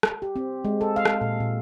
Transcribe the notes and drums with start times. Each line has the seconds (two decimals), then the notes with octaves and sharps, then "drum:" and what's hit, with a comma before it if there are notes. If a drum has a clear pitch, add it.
0.03 drum: rim click
0.22 G4
0.36 C4
0.65 G#3
0.81 A4
0.96 F5
1.05 drum: rim click
1.21 A#2
1.40 A#2